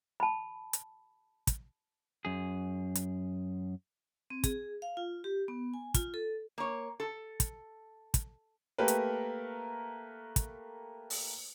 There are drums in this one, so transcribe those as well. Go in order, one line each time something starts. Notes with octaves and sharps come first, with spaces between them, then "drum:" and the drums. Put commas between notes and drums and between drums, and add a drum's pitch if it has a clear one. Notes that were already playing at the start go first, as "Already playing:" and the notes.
A5 B5
drum: hi-hat
drum: kick, hi-hat
F#2 G#4
drum: hi-hat
C4
G#4, drum: kick, hi-hat
F5
F4
G4
B3
G#5
F4, drum: kick, hi-hat
A4
A#3 C#5
A4
drum: kick, hi-hat
drum: kick, hi-hat
A3 A#3 G4 A#4 B4
drum: hi-hat
drum: kick, hi-hat
drum: open hi-hat